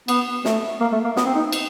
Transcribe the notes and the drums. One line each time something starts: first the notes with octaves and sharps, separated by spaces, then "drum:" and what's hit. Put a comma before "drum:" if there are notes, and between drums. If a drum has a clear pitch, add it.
B3, drum: cymbal
A3, drum: snare
A#3
A3
A#3
B3, drum: snare
C4
D#4
drum: cymbal